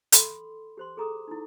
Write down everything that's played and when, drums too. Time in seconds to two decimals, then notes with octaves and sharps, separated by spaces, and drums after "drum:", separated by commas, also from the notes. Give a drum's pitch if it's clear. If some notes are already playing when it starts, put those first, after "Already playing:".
0.12 A4 B5 C6, drum: hi-hat
0.77 G4 C5 C6
0.97 G#4 A4 A#5 D6 D#6
1.28 D#4 E4